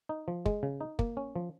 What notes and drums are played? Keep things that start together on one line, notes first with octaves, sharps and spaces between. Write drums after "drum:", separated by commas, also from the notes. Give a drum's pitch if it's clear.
D#4
F3
G#3, drum: kick
C#3
D#4
A#3, drum: kick
C#4
F3